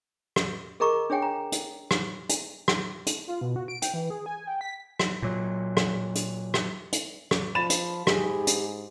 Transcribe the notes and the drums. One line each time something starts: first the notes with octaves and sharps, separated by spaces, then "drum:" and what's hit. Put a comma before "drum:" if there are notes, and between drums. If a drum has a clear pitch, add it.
drum: rim click
G#4 A#4 D#5 A#5 C#6 D6
D4 G#4 C#5 G5 G#5
A#5
drum: hi-hat
drum: rim click
drum: hi-hat
drum: rim click
drum: hi-hat
F4
B2
F#4
D7
G5, drum: hi-hat
E3
G#4
G#5
G5
B6
drum: rim click
A#2 F#3
drum: rim click
drum: hi-hat
drum: rim click
drum: hi-hat
drum: rim click
F3 B5 A6 E7
drum: hi-hat
G#2 G4 G#4, drum: rim click
drum: hi-hat